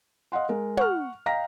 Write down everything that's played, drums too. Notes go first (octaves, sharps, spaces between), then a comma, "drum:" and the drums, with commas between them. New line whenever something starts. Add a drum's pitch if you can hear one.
D#5 F5 F#5 C6
G#3 A#4
F#5 C#6 F6, drum: tom
D#5 F5 G5 A#5 A#6 B6